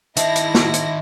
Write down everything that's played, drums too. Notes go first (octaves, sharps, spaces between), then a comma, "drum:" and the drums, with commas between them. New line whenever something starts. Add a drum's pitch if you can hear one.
D#3 E4 D#5 E5 A5 A#6, drum: hi-hat
drum: hi-hat
drum: snare
drum: hi-hat